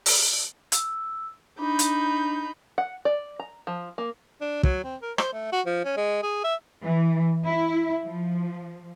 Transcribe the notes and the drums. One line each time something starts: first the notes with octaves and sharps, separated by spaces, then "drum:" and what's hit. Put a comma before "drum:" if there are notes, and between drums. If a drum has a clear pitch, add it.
drum: open hi-hat
E6, drum: hi-hat
D4 D#4 B5 G6
drum: hi-hat
F#5
D5
A#5
F3
A#3
D4
F#3, drum: kick
C4
A#4
C5, drum: rim click
A3
F#4
F3
C#4
G#3
G#4
E5
E3
E4
F3